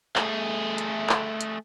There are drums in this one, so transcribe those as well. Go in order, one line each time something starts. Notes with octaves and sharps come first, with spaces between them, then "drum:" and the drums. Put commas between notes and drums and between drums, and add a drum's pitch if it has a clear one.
A3 G#4, drum: clap
drum: hi-hat
drum: clap
drum: hi-hat